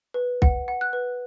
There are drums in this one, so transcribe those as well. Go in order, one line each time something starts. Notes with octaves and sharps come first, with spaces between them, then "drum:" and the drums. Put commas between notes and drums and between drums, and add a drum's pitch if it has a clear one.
B4
F#5, drum: kick
F#5
F#6
B4